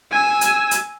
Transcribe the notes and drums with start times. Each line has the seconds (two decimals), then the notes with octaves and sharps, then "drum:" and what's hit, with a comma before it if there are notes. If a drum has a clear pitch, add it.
0.11 G#5 E6
0.41 drum: hi-hat
0.71 drum: hi-hat